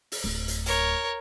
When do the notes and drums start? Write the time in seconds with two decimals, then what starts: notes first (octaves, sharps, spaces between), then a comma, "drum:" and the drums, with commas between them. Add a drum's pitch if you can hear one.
0.12 drum: open hi-hat
0.24 D1
0.48 drum: hi-hat
0.66 A#4 C#5, drum: hi-hat